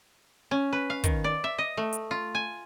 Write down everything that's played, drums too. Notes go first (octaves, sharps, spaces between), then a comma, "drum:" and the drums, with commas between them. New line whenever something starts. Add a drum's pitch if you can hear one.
C#4
B4
F5
D#3, drum: kick, hi-hat
D5
E5
D#5
A3
drum: hi-hat
F4
G#5